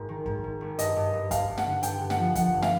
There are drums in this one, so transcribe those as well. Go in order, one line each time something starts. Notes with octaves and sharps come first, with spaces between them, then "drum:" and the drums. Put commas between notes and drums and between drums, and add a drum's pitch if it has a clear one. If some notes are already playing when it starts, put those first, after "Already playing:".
Already playing: G#1 G#2
D#3
G#2, drum: kick
G#2
G#1
G2 D#5, drum: hi-hat
G2
G2
G2 F5, drum: kick, hi-hat
G2
F#5, drum: snare
D3
G2 G5, drum: hi-hat
G2
F#5, drum: snare
F3
F3 F#5, drum: kick, hi-hat
G2
F5, drum: snare